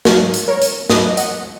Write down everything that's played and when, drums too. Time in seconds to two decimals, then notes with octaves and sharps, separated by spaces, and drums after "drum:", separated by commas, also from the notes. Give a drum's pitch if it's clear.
0.05 G#2 F#3 A#3 F#4 A#4, drum: snare
0.34 drum: hi-hat
0.48 A#4 C#5
0.62 drum: hi-hat
0.90 G#2 F#3 A#3 B4 D#5, drum: snare
1.17 D#5 F#5, drum: hi-hat